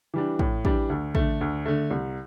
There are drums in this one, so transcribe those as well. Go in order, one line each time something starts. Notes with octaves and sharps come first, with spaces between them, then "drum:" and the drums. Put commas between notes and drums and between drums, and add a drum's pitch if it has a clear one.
E3 G3 D4
A2, drum: kick
E3 G3 D4, drum: kick
D2
D3 A3, drum: kick
D2
D3 A3
C2